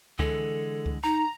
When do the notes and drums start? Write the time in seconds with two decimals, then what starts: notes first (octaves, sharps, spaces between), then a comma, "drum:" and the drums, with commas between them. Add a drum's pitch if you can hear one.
0.19 D3 E3 G#3 A4, drum: kick C#2
0.86 drum: kick C#2
1.04 D#4 A#5